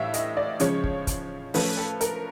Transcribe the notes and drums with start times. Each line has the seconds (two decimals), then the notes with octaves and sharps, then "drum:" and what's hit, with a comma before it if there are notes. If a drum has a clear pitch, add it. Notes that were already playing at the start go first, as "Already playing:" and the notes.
Already playing: A2 E3 G3 E5 F5
0.14 D#5, drum: hi-hat
0.37 D5
0.60 C#3 F3 G#3 C#4 C#5, drum: hi-hat
0.84 drum: kick
1.07 drum: kick, hi-hat
1.54 F3 A3 C#4 B4, drum: open hi-hat
1.77 A4
2.01 A#4, drum: hi-hat